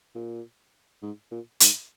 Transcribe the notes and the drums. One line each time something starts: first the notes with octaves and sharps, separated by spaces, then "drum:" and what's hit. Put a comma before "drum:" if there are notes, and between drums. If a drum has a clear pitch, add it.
A#2
G#2
A#2
G#2, drum: hi-hat